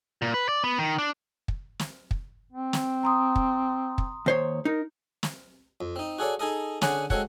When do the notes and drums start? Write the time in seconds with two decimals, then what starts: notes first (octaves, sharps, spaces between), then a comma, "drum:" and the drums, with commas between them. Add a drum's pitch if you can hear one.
0.22 A#2
0.34 B4
0.49 D5
0.64 B3
0.79 D#3
0.98 D4
1.48 drum: kick
1.79 drum: snare
2.11 drum: kick
2.52 C4
2.73 drum: snare
3.03 A#5 C6 D#6
3.36 drum: kick
3.98 drum: kick
4.26 D#2 C5 C#5
4.65 D#4 A#4
5.23 drum: snare
5.81 F2
5.96 C4 D#4
6.18 F#4 G#4 A4 C#5 D5
6.39 D#4 G#4 A4 D#5
6.82 D3 C#4 G#4 D5 F#5, drum: snare
7.10 G#3 C4 F#4 A4 C#5 F#5, drum: kick